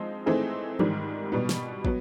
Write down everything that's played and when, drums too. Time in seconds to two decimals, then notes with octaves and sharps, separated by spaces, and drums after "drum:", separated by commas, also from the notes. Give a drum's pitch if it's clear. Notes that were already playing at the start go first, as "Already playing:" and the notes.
Already playing: F3 G#3 C4 D#4
0.26 E3 A3 C4 D#4 G#4
0.79 G#2 D#3 G3, drum: tom E3
1.32 B2 G3 B3
1.49 drum: snare
1.85 F#3 B3, drum: kick